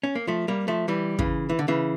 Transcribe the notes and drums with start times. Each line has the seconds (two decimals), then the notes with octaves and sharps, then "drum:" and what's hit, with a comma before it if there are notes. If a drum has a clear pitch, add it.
0.03 C#4
0.15 A#3
0.27 F3 A3
0.48 G3 A#3
0.68 F3 A3
0.88 E3 G3
1.19 C#3 E3, drum: kick
1.49 E3
1.59 D3
1.68 C#3 E3